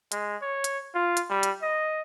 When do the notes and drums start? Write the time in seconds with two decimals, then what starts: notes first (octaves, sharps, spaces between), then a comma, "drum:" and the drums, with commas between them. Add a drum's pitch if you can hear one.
0.12 G#3, drum: hi-hat
0.42 C#5
0.64 drum: hi-hat
0.95 F4
1.17 drum: hi-hat
1.30 G3
1.43 drum: hi-hat
1.62 D#5